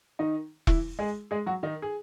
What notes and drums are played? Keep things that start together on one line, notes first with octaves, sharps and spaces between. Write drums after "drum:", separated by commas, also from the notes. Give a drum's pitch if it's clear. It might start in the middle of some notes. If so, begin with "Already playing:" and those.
D#3 D#4
E3 E4, drum: kick E1
G#3 G#4
G#3 G#4
F#3 F#4
D#3 D#4
G#4